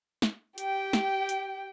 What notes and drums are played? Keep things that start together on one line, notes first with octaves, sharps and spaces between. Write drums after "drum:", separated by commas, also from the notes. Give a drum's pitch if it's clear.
drum: snare
G4 G5, drum: hi-hat
drum: snare
drum: hi-hat